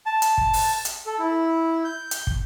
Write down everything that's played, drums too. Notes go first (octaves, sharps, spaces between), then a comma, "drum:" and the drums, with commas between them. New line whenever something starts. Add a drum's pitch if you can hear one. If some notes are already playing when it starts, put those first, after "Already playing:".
A5
drum: hi-hat
drum: kick
drum: open hi-hat
drum: hi-hat
A4
E4
G6
drum: hi-hat
drum: kick